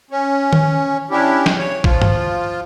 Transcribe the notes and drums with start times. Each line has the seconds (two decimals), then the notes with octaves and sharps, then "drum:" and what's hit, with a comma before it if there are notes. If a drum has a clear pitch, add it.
0.11 C#4
0.53 drum: tom D#3
1.11 C#4 D4 E4 G4
1.46 drum: snare
1.58 C#5
1.84 F3 F4, drum: kick A1
2.02 drum: tom G2